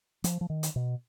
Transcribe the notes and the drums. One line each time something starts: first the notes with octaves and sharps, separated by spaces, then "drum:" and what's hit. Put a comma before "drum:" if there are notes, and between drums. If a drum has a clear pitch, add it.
F3, drum: hi-hat
F3
D#3
drum: hi-hat
B2